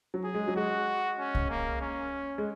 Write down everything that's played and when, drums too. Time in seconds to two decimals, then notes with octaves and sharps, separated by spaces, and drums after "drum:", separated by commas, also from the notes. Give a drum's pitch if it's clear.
0.14 F#3
0.24 G#4
0.35 G#3
0.48 F#3
0.56 G#3 F#4
1.19 C#4
1.35 drum: kick C2
1.50 A#3
1.82 C#4
2.38 G#3